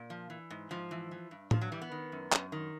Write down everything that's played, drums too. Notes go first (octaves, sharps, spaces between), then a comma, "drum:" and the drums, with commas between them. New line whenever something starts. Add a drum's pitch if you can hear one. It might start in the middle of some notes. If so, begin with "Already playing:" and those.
Already playing: A#2
F3
E3
G#2
G#2 F3
E3
E3
G2
G2 F3, drum: tom A2
F#3
E3 G3
B3
D#3
F#2
F#2, drum: clap
D#3